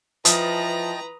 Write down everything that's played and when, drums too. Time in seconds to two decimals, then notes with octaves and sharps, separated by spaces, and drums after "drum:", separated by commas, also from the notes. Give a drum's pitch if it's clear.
0.25 E3 F3 B4 D#5 G5 A5 A#5 D#6, drum: hi-hat